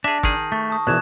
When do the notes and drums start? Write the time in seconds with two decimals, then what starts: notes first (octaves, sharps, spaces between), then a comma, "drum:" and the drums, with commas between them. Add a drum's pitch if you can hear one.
0.04 D4 G#4 E5 A5 A#6
0.23 D#3 G#4, drum: kick
0.52 A3 C#6
0.70 A5 D#6
0.87 A#1 B2 E3 F#6 G#6 E7